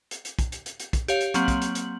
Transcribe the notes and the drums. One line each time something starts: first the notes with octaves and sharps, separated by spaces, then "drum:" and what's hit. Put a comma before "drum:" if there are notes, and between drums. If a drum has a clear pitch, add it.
drum: hi-hat
drum: hi-hat
drum: kick, hi-hat
drum: hi-hat
drum: hi-hat
drum: hi-hat
drum: kick, hi-hat
G4 C#5 F5, drum: hi-hat
drum: hi-hat
F#3 A#3 C4 F#7, drum: hi-hat
drum: kick, hi-hat
drum: hi-hat
drum: hi-hat